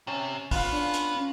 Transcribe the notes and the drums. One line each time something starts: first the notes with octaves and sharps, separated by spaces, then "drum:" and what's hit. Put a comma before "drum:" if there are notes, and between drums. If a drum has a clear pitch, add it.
C3 C#4 A5
B3 F4 B4 F5, drum: kick, open hi-hat
D4
drum: hi-hat
C#4